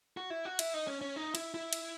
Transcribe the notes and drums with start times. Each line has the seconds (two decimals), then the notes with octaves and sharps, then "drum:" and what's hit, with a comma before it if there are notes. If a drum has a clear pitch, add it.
0.17 F#4
0.30 E4
0.45 F#4
0.59 E4, drum: cymbal
0.74 D#4
0.87 C#4
1.01 C#4
1.16 D#4
1.35 E4, drum: cymbal
1.54 E4
1.73 drum: cymbal